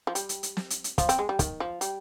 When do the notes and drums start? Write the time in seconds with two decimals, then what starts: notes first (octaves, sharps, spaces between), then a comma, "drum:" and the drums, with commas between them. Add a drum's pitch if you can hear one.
0.07 F3
0.15 G3, drum: hi-hat
0.29 drum: hi-hat
0.43 drum: hi-hat
0.57 drum: snare
0.70 drum: hi-hat
0.84 drum: hi-hat
0.98 F3, drum: kick, hi-hat
1.09 C4, drum: hi-hat
1.19 G#3
1.29 G3
1.39 D#3, drum: kick, hi-hat
1.60 F3
1.81 G3, drum: hi-hat